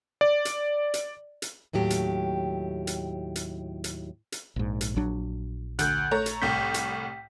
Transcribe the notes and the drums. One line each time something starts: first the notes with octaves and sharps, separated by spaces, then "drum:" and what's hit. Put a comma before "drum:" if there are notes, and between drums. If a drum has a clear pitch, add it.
D5
drum: hi-hat
drum: hi-hat
drum: hi-hat
D#2 A2 F#3 G4
drum: hi-hat
drum: hi-hat
drum: hi-hat
drum: hi-hat
drum: hi-hat
A#1 G#2
drum: hi-hat
A#1 F#3 D4
D2 F#6 G6, drum: hi-hat
A3 C#5 A#5
drum: hi-hat
C2 A2 G5 G6 B6
drum: hi-hat